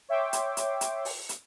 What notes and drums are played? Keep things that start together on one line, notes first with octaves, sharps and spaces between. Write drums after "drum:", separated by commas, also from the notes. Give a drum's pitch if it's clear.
C#5 E5 G5 C6 D6
drum: hi-hat
drum: hi-hat
drum: hi-hat
drum: open hi-hat
drum: hi-hat